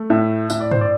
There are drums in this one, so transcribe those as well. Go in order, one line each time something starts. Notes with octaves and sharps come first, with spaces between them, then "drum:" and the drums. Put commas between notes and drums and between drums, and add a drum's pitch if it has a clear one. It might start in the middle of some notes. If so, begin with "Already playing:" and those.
Already playing: A3
A2 E5
A2 E5, drum: tambourine
D5
C5, drum: tom
D5